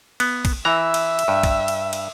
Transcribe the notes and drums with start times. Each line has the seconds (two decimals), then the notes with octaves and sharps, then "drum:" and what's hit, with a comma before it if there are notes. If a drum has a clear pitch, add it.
0.20 B3, drum: cymbal
0.45 drum: kick, cymbal
0.65 E3 E5 A#5
0.94 drum: cymbal
1.19 drum: cymbal
1.28 G2
1.43 drum: kick, cymbal
1.68 drum: cymbal
1.93 drum: cymbal